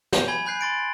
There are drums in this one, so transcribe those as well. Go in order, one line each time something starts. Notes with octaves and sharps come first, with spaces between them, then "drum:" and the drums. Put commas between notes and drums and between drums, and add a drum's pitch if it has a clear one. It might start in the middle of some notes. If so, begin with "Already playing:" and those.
G6, drum: snare
G#5 B5 G#6 G7
G#5 B5 F#6 G6 C7
C6 A6 D7